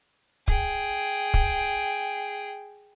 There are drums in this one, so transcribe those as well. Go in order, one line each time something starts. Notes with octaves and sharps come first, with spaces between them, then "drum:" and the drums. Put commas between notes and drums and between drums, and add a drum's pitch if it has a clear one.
G#4 G5, drum: kick
drum: kick